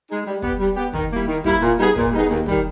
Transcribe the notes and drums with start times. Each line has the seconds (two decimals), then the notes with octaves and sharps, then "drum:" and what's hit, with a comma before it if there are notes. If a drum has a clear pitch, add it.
0.09 G#3 D#4 G#4
0.26 G3
0.42 B3 G4, drum: kick
0.59 G3
0.76 B3 G4
0.94 D#3, drum: kick
1.11 G3 A#3 E4
1.28 D#3
1.44 G3 A#3 E4, drum: kick
1.62 A#2
1.79 G3 B3 D#4 G#4
1.96 A#2, drum: kick
2.12 G3 B3 D#4 G#4
2.30 D#2
2.46 D#3 G3, drum: kick